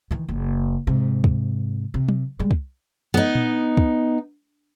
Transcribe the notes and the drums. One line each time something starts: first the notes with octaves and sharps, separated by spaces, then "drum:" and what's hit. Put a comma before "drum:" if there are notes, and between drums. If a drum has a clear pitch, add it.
D#3 E3
F#1
G#2 C3
drum: kick
C3
drum: tom
G3 G#3
drum: kick
B3 D#4
drum: tom A#2
drum: kick